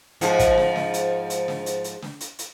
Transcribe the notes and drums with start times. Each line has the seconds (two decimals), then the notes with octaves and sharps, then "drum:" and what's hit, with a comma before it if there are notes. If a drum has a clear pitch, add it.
0.21 G#2 F3, drum: hi-hat
0.39 drum: kick, hi-hat
0.57 drum: snare
0.76 drum: snare
0.94 drum: hi-hat
1.30 drum: hi-hat
1.48 drum: snare
1.66 drum: hi-hat
1.84 drum: hi-hat
2.02 drum: snare
2.20 drum: hi-hat
2.39 drum: hi-hat